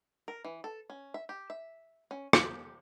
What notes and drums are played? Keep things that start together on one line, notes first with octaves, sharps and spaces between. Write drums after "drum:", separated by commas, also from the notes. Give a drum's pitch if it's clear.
A#4
E3
A4
C#4
E5
G4
E5
C#4
G4, drum: rim click